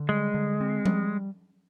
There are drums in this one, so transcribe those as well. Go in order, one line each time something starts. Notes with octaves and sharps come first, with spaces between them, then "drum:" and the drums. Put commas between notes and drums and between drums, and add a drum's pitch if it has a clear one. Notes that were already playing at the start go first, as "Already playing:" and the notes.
Already playing: D3
G3 G#3
D3
C4
G3, drum: tom F3